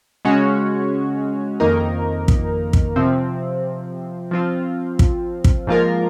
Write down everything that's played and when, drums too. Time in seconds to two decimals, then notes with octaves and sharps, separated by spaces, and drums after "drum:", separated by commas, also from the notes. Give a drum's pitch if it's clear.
0.25 C#3 G#3 C#4 F#4 C#5
1.60 F2 D#3 A#3 D#4 A#4
2.28 drum: kick
2.73 drum: kick
2.96 C3 F3 C4
4.31 F3 C4 F4
4.99 drum: kick
5.44 drum: kick
5.67 G#2 F3 A#3 F4 A#4